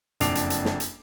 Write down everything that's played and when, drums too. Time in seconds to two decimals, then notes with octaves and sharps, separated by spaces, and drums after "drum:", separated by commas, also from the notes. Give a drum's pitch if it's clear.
0.20 F#1 F2 D4 D6 C7 F7, drum: hi-hat
0.35 drum: hi-hat
0.50 drum: hi-hat
0.65 drum: snare
0.80 drum: hi-hat